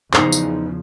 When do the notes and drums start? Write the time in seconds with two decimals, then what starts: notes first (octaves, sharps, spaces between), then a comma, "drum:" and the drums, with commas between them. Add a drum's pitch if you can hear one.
0.14 E2 C#3 F3 D#4 C5, drum: clap
0.32 drum: tambourine